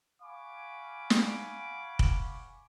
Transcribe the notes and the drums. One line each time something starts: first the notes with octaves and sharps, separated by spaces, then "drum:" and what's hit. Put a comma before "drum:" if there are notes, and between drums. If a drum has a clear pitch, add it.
F5 F#5 G#5 B5 C#6 D6
drum: snare
drum: kick